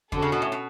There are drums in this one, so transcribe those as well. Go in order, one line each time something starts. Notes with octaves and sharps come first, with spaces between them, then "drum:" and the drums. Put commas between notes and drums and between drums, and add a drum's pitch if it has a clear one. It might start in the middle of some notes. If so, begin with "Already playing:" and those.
D3 C#4 F#4 A4, drum: kick E2
C#3
B2
A2
B2